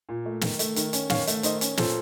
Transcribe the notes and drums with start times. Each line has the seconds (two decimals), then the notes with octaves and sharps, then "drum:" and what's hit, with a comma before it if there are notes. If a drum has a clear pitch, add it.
0.09 A#2
0.26 A3
0.41 D#3, drum: snare
0.59 A3, drum: hi-hat
0.76 D#3, drum: hi-hat
0.93 C#4, drum: hi-hat
1.10 D#3 C#5 F5, drum: snare
1.27 A3, drum: hi-hat
1.43 D#3 C5 D#5, drum: hi-hat
1.61 C#4, drum: hi-hat
1.77 A#2 A4 C5, drum: snare